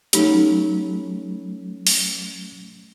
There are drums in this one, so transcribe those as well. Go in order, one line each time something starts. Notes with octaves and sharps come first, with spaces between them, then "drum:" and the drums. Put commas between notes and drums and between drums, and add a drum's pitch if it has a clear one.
F#3 A3 C#4 D#4 G4, drum: hi-hat
drum: open hi-hat